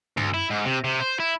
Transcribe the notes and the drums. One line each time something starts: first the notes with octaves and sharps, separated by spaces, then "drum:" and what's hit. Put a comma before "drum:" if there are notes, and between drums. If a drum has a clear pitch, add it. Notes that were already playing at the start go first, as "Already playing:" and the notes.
D2, drum: tom
E4
G#2
C3
C3
C5
E4